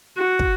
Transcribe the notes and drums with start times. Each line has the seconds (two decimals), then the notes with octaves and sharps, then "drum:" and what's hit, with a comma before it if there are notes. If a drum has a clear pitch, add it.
0.17 F#4
0.39 drum: kick